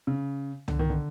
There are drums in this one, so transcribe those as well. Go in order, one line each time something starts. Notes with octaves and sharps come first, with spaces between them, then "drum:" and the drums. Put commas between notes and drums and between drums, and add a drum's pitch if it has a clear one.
C#3
D3, drum: tom
D#3
D3